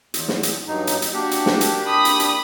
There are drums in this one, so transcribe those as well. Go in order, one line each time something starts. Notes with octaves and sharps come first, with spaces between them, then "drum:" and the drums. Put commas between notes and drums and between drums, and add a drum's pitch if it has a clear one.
E2, drum: hi-hat
drum: snare
drum: hi-hat
G2 F#3 D#4
drum: hi-hat
drum: hi-hat
A#3 D4 F#4 G4
drum: hi-hat
drum: snare
drum: hi-hat
B5 D#6
drum: hi-hat
drum: hi-hat